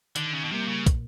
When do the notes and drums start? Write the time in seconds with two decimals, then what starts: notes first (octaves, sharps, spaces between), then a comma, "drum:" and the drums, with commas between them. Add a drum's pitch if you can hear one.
0.16 D3 D#3, drum: hi-hat
0.33 C#3
0.44 B2
0.51 C3 G3 A#3
0.68 C#3
0.87 A#2, drum: kick, hi-hat